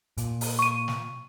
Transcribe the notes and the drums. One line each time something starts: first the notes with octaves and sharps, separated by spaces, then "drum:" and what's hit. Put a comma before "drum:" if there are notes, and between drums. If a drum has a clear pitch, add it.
A#2, drum: hi-hat
drum: open hi-hat
C#6 D#7
drum: snare